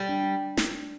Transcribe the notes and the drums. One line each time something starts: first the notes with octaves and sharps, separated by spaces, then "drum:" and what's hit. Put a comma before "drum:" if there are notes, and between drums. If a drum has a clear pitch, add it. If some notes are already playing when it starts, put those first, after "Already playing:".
Already playing: G3
D4
D4
drum: snare